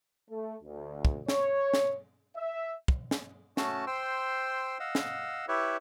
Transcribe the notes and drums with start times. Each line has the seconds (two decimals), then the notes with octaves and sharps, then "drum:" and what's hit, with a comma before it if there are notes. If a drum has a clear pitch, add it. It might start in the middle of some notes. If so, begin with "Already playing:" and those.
0.29 A3
0.63 D2
1.05 drum: kick
1.28 C#5, drum: snare
1.74 drum: snare
2.37 E5
2.88 drum: kick
3.11 drum: snare
3.57 A3 C#4 F#4 A5, drum: snare
3.87 C5 G5 C6 E6
4.80 D#5 F5 F#5 E6
4.95 drum: snare
5.48 E4 G4 B4 C#5 E5